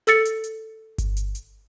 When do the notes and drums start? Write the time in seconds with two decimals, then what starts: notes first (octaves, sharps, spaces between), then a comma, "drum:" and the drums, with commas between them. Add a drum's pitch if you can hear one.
0.07 A4 E6 A6 C#7, drum: hi-hat
0.25 drum: hi-hat
0.44 drum: hi-hat
0.98 drum: kick G1, hi-hat
1.17 drum: hi-hat
1.35 drum: hi-hat